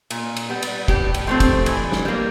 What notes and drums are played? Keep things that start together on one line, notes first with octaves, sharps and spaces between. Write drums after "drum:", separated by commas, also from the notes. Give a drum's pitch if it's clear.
A#2, drum: cymbal
drum: cymbal
G3 B3
drum: cymbal
A2 G4, drum: kick
drum: cymbal
F3 A3 C4
drum: kick, cymbal
E3, drum: cymbal
drum: snare
G3 A#3